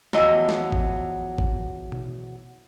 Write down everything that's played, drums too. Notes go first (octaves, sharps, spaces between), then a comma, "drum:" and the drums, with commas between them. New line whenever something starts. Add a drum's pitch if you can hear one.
E2 F3 F#3 D#5, drum: snare
drum: snare
drum: kick
drum: kick
drum: tom B2